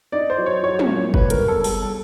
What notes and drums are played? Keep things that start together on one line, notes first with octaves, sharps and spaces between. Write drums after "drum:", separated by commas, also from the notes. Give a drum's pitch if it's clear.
D#4 D5
C5
F#3
C#5
F#3 C#5
drum: tom
A#2
G3 B4, drum: kick F#1
A#4, drum: hi-hat
B3
A4
G3 A4, drum: open hi-hat
A4